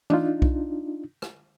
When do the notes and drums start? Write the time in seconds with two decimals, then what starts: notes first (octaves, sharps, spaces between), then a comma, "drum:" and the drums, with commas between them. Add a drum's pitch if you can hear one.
0.10 D4 D#4 F4, drum: tom E3
0.42 drum: kick B1
1.22 drum: rim click